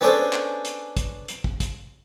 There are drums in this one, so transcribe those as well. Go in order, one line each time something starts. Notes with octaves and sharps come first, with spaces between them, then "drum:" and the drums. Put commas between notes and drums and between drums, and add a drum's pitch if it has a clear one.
B3 C#4 D4 G#4 A4 C5
drum: clap
drum: hi-hat
drum: kick, hi-hat
drum: hi-hat
drum: kick
drum: kick, hi-hat